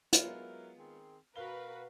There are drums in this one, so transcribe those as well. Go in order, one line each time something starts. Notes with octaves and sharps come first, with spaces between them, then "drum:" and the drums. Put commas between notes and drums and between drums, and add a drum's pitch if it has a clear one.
F#3 G#3 B3 E4 F4 A#4, drum: hi-hat
D#3 C4 G#4
B2 F#4 A#4 B4 F5 G7